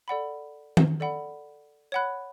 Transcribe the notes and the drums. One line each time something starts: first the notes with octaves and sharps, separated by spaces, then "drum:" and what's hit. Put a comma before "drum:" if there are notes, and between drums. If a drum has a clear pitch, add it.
A4 D5 F#5 B5
drum: tom D#3
A4 D5 F#5 B5
C#5 F#5 B5 F#6